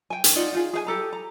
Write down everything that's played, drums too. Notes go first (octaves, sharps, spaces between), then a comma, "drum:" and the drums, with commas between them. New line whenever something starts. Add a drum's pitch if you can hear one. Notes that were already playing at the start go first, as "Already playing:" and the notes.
G5 G#5
drum: hi-hat
D#4 F4 D5 F#5
D#4 F4 G#4
G#4 F5 G#5
G4 A4 A#5
A#5